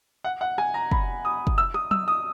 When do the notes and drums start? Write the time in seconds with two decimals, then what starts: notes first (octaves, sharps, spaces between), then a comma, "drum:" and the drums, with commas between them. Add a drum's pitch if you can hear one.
0.24 F#5
0.41 F#5
0.58 G#5, drum: rim click
0.74 A#5
0.91 B5, drum: kick
1.25 D#6
1.47 drum: kick
1.58 E6
1.74 D#6, drum: rim click
1.91 E6, drum: tom F#3
2.08 D#6